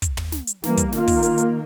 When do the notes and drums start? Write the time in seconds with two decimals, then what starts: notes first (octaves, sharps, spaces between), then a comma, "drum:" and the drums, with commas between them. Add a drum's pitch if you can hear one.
0.02 drum: kick, hi-hat
0.17 drum: tom
0.32 drum: snare
0.47 drum: hi-hat
0.64 E3 G3 A#3, drum: snare
0.77 drum: kick, hi-hat
0.92 D#3 A#3 F4, drum: snare
1.07 drum: kick, open hi-hat
1.23 drum: hi-hat
1.38 drum: hi-hat